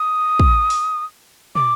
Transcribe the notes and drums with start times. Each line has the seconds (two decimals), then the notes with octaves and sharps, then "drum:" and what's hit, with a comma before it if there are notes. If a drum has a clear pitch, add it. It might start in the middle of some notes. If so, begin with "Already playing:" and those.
Already playing: D#6
0.40 drum: kick
0.70 drum: open hi-hat
1.55 D6, drum: tom